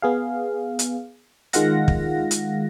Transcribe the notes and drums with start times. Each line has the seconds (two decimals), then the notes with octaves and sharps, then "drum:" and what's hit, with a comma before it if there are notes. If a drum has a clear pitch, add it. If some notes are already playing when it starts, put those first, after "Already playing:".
0.02 B3 G#4 F5
0.79 drum: hi-hat
1.53 D#3 G#3 F4 F5 F#5 A#6, drum: hi-hat
1.88 drum: kick
2.31 drum: hi-hat